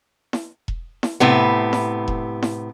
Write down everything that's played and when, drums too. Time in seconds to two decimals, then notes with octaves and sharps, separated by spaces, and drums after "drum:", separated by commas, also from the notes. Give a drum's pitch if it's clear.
0.33 drum: snare E4
0.68 drum: kick E1
1.03 drum: snare E4
1.20 A2 C3 B3
1.73 drum: snare E4
2.08 drum: kick E1
2.43 drum: snare E4